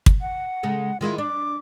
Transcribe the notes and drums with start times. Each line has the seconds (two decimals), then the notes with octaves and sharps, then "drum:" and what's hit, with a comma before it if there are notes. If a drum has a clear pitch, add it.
0.06 drum: kick
0.21 F#5
0.63 C#3 G#3 A4
1.01 D#3 G#3 E4 F4
1.18 D4 D6